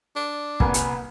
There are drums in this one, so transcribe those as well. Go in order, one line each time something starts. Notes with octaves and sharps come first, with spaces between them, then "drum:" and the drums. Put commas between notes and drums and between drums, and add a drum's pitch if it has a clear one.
D4
C2 A#3 B3 G#5, drum: kick
drum: hi-hat